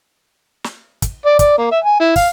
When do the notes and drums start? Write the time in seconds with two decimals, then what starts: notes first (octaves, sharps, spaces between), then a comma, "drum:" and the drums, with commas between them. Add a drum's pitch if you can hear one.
0.64 drum: snare
1.02 drum: kick, hi-hat
1.25 D5
1.39 D5, drum: kick, hi-hat
1.58 A#3
1.71 E5
1.84 G#5
2.00 E4
2.16 F5, drum: kick, open hi-hat